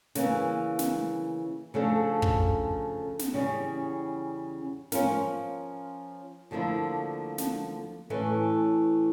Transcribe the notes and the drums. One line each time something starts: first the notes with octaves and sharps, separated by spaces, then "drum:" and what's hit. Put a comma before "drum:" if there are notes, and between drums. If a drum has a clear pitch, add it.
C#3 E3 A#3, drum: snare
drum: snare
C#3 F3 A3 D4 A4
drum: kick
drum: snare
E2 C#3 G3 C#4
F3 C#4 F4 A#4, drum: snare
D2 D3 F3 A#3 E4
drum: snare
A2 E3 A3 C#4